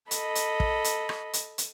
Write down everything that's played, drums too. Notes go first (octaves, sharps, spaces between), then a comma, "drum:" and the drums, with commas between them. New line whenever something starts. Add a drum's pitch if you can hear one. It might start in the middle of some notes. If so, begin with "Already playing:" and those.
A4 D#5 B5, drum: hi-hat
drum: hi-hat
drum: kick
drum: hi-hat
drum: rim click
drum: hi-hat
drum: hi-hat